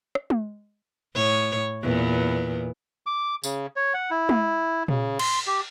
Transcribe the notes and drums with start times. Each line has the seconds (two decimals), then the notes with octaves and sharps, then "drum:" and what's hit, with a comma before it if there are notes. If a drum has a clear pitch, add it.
0.15 drum: rim click
0.30 drum: tom G#3
1.14 A2 C#5
1.83 E2 A#2 B3
3.06 D6
3.44 C#3, drum: tambourine
3.76 C#5
3.94 F#5
4.11 E4
4.29 drum: tom G#3
4.88 C#3, drum: tom A#2
5.19 C6, drum: cymbal
5.47 G4